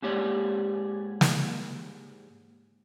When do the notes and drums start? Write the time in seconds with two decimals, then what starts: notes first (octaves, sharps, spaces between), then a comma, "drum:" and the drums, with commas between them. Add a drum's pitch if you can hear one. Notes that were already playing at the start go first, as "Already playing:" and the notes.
0.02 G#2 A#3 G4 C#5 D5
1.21 drum: snare